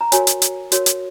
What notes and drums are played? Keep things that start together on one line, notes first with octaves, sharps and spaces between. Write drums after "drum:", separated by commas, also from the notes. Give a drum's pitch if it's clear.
A#5
F#4 A#4 C#5 G#5, drum: hi-hat
drum: hi-hat
drum: hi-hat
F#4 A#4 C#5, drum: hi-hat
drum: hi-hat